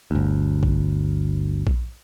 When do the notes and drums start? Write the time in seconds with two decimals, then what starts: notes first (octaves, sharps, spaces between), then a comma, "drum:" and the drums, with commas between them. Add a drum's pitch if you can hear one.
0.11 G1 D2
0.63 drum: kick A#1
1.67 drum: kick A#1